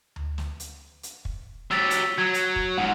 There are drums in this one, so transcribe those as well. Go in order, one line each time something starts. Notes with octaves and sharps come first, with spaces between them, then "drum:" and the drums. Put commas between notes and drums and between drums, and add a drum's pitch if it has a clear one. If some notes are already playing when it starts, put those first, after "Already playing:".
drum: tom D2
drum: snare
drum: hi-hat
drum: hi-hat
drum: kick
F#3 G4 E6 A6 B6, drum: snare
drum: hi-hat
F#3 G#6
drum: hi-hat
drum: kick
G#2 F3 F#5